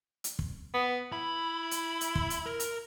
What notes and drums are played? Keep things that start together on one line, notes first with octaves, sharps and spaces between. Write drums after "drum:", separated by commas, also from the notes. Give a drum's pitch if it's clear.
drum: hi-hat
drum: kick
B3
E4 B5
drum: hi-hat
drum: hi-hat
drum: kick
drum: hi-hat
A#4
drum: hi-hat